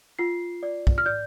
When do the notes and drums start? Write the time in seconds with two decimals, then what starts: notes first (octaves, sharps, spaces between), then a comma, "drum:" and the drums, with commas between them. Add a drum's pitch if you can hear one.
0.19 F4 C7
0.63 D5
0.87 drum: kick
0.98 F6
1.06 D5 G6